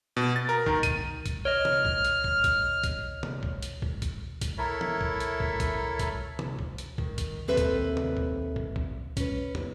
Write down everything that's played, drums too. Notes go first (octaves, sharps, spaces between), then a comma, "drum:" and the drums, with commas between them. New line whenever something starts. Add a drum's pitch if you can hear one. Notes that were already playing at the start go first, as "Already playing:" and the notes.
B2
A6
A#4
D#3, drum: kick
D#7, drum: kick, hi-hat
drum: kick, hi-hat
C#5 D#5 F6
drum: tom
drum: kick
drum: hi-hat
drum: kick
drum: kick, hi-hat
drum: kick, hi-hat
drum: tom
drum: kick
drum: hi-hat
drum: kick
drum: kick, hi-hat
drum: kick, hi-hat
E4 A4 A#4 C#5 E5
drum: tom
drum: kick
drum: hi-hat
drum: kick
drum: kick, hi-hat
drum: kick, hi-hat
drum: tom
drum: kick
drum: hi-hat
D#3, drum: kick
drum: kick, hi-hat
D#2 C4 A4 B4 E5
drum: kick, hi-hat
drum: tom
drum: kick
drum: kick
drum: kick
C#4 B4, drum: kick, hi-hat
drum: tom